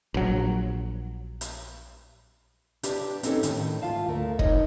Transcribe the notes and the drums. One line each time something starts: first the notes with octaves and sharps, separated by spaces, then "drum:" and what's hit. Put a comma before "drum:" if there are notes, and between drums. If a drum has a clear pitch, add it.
A#1 F#3
drum: hi-hat
D4 G4 B4 D5, drum: hi-hat
C4 C#4 D#4 G#4 A4 C#5, drum: hi-hat
A2 D#3, drum: hi-hat
G#2 F4 E5 F5 A5
D2 A3 A4 A#4
D#4 A#4 C#5 D#5, drum: kick